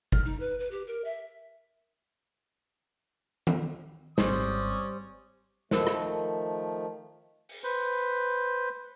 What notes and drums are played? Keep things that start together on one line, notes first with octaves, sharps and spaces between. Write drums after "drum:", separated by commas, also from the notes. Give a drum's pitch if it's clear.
F6, drum: kick
D#4
B4
B4
G4
A#4
E5
drum: tom D#3
G#1 G3 C#4 C5 D5 D#6, drum: snare
D#3 F3 A3 F#4 A#4 C5, drum: snare
drum: rim click
drum: open hi-hat
B4 C5